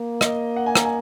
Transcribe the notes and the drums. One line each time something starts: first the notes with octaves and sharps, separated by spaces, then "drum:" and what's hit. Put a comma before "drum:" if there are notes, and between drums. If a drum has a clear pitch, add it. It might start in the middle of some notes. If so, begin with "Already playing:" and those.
Already playing: A#3
D#5, drum: rim click
F#5
G#5
A#5, drum: rim click
G#5